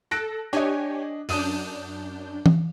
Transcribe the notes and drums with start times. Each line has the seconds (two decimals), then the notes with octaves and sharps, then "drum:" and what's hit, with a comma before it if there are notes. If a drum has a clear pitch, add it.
0.11 A4 F#6 A#6 D7
0.53 D4 G4 C#5 D#5 G#5
1.29 F#2 D4 D#6 G6 D#7, drum: open hi-hat
2.46 drum: tom E3